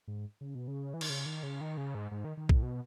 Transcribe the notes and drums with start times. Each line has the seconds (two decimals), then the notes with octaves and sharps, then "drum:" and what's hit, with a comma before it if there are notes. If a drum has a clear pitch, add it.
0.07 G#2
0.41 C#3
0.55 B2
0.68 C#3
0.94 E3
1.01 D#3, drum: cymbal
1.10 C#3
1.26 D#3
1.43 C#3
1.61 D#3
1.77 C#3
1.95 G#2
2.11 G#2
2.24 D#3
2.37 D#3
2.49 A2, drum: kick B1
2.63 B2